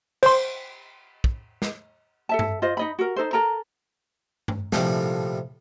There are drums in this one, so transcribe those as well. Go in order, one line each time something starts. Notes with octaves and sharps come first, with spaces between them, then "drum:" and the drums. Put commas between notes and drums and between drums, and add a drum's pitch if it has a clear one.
C5 C6, drum: cymbal
drum: kick
drum: snare
A4 E5 A5
drum: tom G2
F4 C5 D#5
D#4 D#5 B5
F#4 A#4
D#4 A4 C5
A4 A#4 A#5
drum: tom G2
A#1 A2 C3 F3 G3 B5, drum: snare